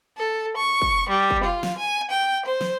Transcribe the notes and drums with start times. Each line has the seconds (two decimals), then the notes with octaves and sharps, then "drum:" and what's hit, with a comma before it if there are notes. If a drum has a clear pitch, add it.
0.16 A4
0.56 C#6
0.82 drum: kick
1.09 G3
1.30 drum: kick
1.43 F4
1.63 drum: snare
1.77 G#5
2.09 G5
2.46 C5
2.61 drum: snare